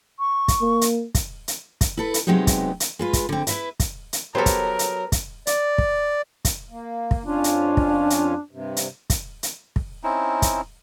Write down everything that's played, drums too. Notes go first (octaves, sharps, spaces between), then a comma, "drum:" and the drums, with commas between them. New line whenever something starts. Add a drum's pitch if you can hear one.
C#6
drum: kick, hi-hat
A#3
drum: hi-hat
drum: kick, hi-hat
drum: hi-hat
drum: kick, hi-hat
E4 A4 B4
drum: hi-hat
C3 F#3 G#3 B3 D#4 G4
drum: kick, hi-hat
drum: hi-hat
G#3 F4 B4
drum: kick, hi-hat
D3 C4
E4 B4 E5, drum: hi-hat
drum: kick, hi-hat
drum: hi-hat
F#3 B3 G4 A4 A#4 C5 B5
drum: kick, hi-hat
drum: hi-hat
drum: kick, hi-hat
D5, drum: hi-hat
drum: kick
drum: kick, hi-hat
A#3
drum: kick
F2 C#4 D4 F4
drum: hi-hat
drum: kick
drum: hi-hat
G2 C3
drum: hi-hat
drum: kick, hi-hat
drum: hi-hat
drum: kick
C4 C#4 D#4 E4
drum: kick, hi-hat